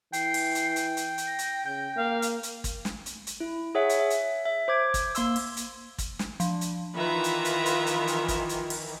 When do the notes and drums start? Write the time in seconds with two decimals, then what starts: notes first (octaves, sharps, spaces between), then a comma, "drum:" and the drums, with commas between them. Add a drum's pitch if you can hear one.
0.13 E3 G5 C7, drum: hi-hat
0.34 drum: open hi-hat
0.55 drum: hi-hat
0.76 drum: hi-hat
0.97 drum: hi-hat
1.18 drum: hi-hat
1.27 A#6
1.39 drum: hi-hat
1.65 C#3 G5 G6
1.96 A#3 F5
2.22 drum: hi-hat
2.43 drum: hi-hat
2.64 drum: kick, hi-hat
2.85 drum: snare
3.06 drum: hi-hat
3.27 drum: hi-hat
3.40 E4
3.75 G#4 C#5 E5 F#5
3.89 drum: hi-hat
4.00 E5
4.10 drum: hi-hat
4.45 E5
4.68 C5 D6 G#6
4.94 drum: kick, hi-hat
5.15 A#3 C6 E6, drum: hi-hat
5.36 drum: open hi-hat
5.57 drum: hi-hat
5.98 drum: kick, hi-hat
6.19 drum: snare
6.40 F3 D4, drum: hi-hat
6.61 drum: hi-hat
6.95 D#3 E3 F4 B4 E5 A#5
7.24 drum: hi-hat
7.45 drum: hi-hat
7.66 drum: hi-hat
7.87 drum: hi-hat
8.07 drum: hi-hat
8.28 drum: kick, hi-hat
8.49 drum: hi-hat
8.70 drum: open hi-hat